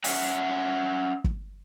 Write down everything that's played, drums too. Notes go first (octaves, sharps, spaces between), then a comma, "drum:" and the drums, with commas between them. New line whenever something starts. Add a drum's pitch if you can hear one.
C#4 C#5 E5 F#5 G#5, drum: open hi-hat
drum: kick